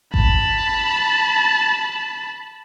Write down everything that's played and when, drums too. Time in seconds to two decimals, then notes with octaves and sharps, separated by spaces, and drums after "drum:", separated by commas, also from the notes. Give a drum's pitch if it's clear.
0.14 A5 B5, drum: kick G#1